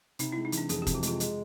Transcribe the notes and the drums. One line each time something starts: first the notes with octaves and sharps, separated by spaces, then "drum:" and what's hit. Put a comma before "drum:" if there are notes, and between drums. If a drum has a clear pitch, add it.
C3 D#4, drum: hi-hat
G#3 E4
D#4
E3, drum: hi-hat
D4
F2 G#4, drum: hi-hat
G4
C3, drum: kick, hi-hat
F#4
G#3 F4, drum: hi-hat
G#3, drum: hi-hat